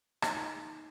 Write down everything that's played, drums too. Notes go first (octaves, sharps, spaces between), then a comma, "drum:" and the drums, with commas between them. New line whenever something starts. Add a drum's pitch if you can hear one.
D#3 D#5, drum: rim click